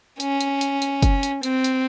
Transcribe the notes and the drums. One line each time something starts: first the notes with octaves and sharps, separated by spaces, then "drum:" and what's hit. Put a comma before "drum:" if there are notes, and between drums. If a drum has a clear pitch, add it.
C#4, drum: hi-hat
drum: hi-hat
drum: hi-hat
drum: hi-hat
drum: kick F#1, hi-hat
drum: hi-hat
C4, drum: hi-hat
drum: hi-hat